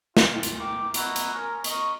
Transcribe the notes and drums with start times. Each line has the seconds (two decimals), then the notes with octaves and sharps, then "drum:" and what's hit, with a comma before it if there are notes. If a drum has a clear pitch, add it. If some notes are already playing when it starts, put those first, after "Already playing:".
0.17 F4, drum: snare
0.43 drum: hi-hat
0.58 A#4 G5 D6
0.94 A#3 D#4 E4 F#4 B4, drum: hi-hat
1.16 drum: hi-hat
1.33 G#3 C#4 A#4
1.64 A#4 D#5 C#6, drum: hi-hat